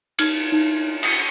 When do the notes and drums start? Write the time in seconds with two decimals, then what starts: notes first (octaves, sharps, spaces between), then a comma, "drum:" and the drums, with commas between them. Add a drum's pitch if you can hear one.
0.19 D#4 F6, drum: cymbal
0.52 D#4
1.03 drum: cymbal